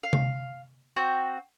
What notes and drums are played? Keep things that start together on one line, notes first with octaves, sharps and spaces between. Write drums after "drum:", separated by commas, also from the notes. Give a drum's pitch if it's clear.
F5
drum: tom C3
C4 F#4 G6